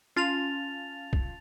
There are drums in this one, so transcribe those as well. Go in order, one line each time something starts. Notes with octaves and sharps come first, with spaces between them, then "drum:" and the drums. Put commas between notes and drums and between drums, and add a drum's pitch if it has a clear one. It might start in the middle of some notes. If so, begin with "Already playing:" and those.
C#4 F4 A5 A6 F7
drum: kick